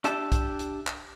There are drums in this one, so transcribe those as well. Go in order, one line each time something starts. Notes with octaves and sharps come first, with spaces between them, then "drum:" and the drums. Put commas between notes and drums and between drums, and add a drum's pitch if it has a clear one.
D4 G4 E5 A5, drum: hi-hat
drum: kick, hi-hat
drum: hi-hat
drum: clap